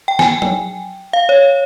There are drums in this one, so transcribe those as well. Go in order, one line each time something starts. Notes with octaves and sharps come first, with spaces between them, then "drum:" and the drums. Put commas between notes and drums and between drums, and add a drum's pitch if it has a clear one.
G5
G#5, drum: snare
G5
drum: tom F#3
F5
C#5